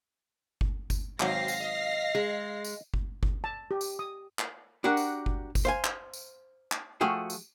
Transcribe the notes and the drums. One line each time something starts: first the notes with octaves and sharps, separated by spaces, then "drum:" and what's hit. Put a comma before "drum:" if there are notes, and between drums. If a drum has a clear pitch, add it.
drum: kick G1
drum: kick G1, tambourine
G#1 B2 F#3 C4 F5 A#6 C7, drum: clap
drum: tambourine
D#5
G#3
drum: tambourine
drum: kick G1
drum: kick G1
A5
G4
drum: tambourine
D#6
drum: clap
D4 F#4 G4 A#4 F#5
drum: tambourine
drum: kick G1
drum: kick G1, tambourine
C5 F5 G#5
drum: clap
drum: tambourine
drum: clap
F3 A3 F#4 G#4 G5
drum: tambourine